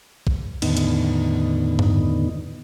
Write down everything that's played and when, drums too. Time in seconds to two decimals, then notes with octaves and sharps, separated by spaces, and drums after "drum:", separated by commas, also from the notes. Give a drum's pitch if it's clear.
0.27 drum: kick
0.62 E2 A2 D3 D#3 B3 D#4, drum: cymbal
0.77 drum: hi-hat
1.79 drum: tom G2